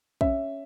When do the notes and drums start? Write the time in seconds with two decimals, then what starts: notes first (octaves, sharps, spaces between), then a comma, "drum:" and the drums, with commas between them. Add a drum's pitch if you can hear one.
0.21 C#4 E5, drum: kick